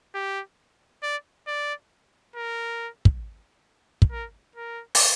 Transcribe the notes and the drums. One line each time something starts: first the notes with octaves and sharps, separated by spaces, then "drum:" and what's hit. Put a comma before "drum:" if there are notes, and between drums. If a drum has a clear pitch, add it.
G4
D5
D5
A#4
drum: kick
drum: kick
A#4
A#4
drum: open hi-hat